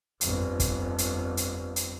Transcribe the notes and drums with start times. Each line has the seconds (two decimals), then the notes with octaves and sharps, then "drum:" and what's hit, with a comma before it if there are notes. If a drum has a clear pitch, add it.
0.21 G1 F2, drum: hi-hat
0.60 drum: kick, hi-hat
0.98 drum: hi-hat
1.37 drum: hi-hat
1.76 drum: hi-hat